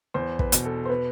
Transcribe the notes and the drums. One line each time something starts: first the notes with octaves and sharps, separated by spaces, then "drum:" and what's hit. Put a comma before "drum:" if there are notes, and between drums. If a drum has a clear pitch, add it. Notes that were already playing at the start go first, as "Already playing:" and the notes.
E2 C5
B4, drum: kick
B2, drum: hi-hat
A4
C5
B3 B4